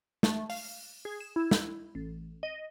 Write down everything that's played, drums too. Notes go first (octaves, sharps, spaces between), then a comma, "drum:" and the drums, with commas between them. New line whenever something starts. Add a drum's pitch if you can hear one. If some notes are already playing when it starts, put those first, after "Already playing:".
A3, drum: snare
F5, drum: open hi-hat
G#4
E7
E4
drum: snare
A1
D#5